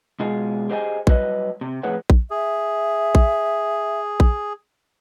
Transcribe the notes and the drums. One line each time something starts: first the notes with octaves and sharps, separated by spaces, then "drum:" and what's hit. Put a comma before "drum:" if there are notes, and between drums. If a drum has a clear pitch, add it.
B2 G#3 F4 G#4
G4 G#4 C5 D#5 F#5 G#5
F#3 G3 B4 D#5, drum: kick A#1
C3
F2 A2 G#4 B4 C#5 F#5
drum: kick A#1
G#4 E5
drum: kick A#1
drum: kick A#1